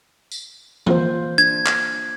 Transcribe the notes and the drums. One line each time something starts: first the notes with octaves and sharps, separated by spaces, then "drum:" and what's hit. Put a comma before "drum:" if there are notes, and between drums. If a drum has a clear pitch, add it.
drum: tambourine
A#3 F4 C5, drum: tom E3
D4 G#6
drum: clap